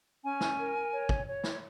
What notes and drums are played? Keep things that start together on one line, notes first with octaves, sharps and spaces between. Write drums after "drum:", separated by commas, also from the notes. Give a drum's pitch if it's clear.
C#4 G#5
drum: snare
A#4
C#5
drum: kick
C#5
drum: snare